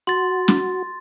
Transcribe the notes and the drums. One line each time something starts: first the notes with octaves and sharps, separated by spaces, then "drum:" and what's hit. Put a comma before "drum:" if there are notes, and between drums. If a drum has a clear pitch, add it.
F#4 C6 A6
drum: snare